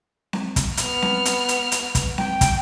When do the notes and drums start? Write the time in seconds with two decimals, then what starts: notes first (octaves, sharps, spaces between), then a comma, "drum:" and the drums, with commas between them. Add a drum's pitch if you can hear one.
0.33 drum: snare C4
0.56 drum: kick, hi-hat
0.77 B3 F6, drum: hi-hat
1.02 drum: snare C4
1.25 drum: hi-hat
1.49 drum: hi-hat
1.72 drum: hi-hat
1.95 drum: kick, hi-hat
2.18 G5, drum: snare C4
2.41 drum: kick, hi-hat